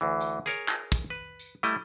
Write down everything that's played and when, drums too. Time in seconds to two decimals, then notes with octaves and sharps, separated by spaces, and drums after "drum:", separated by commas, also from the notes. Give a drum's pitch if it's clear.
0.01 D2 E3
0.20 drum: tambourine
0.46 G#4 A#4 C#5, drum: tambourine
0.68 drum: clap
0.92 drum: kick, tambourine
1.10 B4
1.39 drum: tambourine
1.63 G3 A3 E4 D#5, drum: tambourine